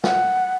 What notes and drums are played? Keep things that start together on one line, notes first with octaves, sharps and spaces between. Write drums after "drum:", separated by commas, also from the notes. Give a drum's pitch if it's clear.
F#5, drum: snare